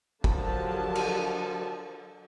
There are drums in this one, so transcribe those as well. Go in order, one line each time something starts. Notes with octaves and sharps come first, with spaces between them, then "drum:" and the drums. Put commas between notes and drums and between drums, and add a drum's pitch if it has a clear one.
D3 F3 F#3 G4 A#4 A5, drum: kick
drum: cymbal